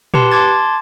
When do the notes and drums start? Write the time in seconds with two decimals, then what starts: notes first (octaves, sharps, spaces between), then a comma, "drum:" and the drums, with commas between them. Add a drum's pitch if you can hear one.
0.14 G4 B4 A5 C6, drum: tom A#2
0.32 A5 C6 D6 G#6 A6